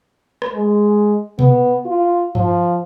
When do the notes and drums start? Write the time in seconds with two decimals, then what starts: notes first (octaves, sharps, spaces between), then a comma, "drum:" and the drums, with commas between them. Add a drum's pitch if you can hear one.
0.42 drum: rim click
0.54 G#3
1.39 B3, drum: tom B2
1.86 F4
2.35 F3, drum: tom G2